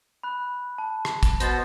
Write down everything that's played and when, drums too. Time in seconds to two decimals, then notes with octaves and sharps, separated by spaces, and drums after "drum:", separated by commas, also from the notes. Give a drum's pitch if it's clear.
0.23 B5 F#6
0.78 A5
1.05 drum: rim click
1.23 drum: kick, hi-hat
1.40 B2 B3 C5 A6 A#6, drum: hi-hat